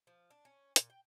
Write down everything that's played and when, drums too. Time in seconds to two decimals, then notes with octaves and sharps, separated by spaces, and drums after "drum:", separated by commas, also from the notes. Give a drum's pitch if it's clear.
0.07 F3
0.30 D4
0.45 C#4
0.76 A#2, drum: hi-hat
0.90 G5